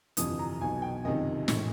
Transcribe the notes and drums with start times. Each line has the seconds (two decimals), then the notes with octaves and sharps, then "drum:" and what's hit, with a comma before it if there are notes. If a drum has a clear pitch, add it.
0.17 G1 F2 C3 E3 D#6, drum: hi-hat
0.39 A#5
0.61 B1 B2 G#5
0.82 G5
1.05 F#1 F2 C3 D#3 D#5
1.48 A#1 A2 E3, drum: snare